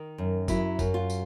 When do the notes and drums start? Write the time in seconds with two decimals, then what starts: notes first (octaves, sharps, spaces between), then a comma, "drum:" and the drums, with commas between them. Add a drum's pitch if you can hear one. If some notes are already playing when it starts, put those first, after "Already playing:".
Already playing: D#3
0.18 F#2
0.48 F#3 E4, drum: kick G1, tambourine
0.79 F#2, drum: kick G1, tambourine
0.94 F4
1.10 drum: tambourine